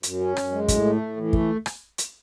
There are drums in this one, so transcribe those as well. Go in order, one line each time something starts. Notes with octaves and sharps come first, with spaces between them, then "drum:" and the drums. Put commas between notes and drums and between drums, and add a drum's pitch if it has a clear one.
F#2, drum: hi-hat
C#4
F#2, drum: rim click
G#3
A2, drum: kick, hi-hat
A3
A2
E3
A3, drum: kick
drum: rim click
drum: hi-hat